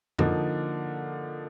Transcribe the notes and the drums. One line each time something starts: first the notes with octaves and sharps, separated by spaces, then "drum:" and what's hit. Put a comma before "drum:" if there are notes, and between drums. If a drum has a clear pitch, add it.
D3 F3 A#3 D#4, drum: tom F2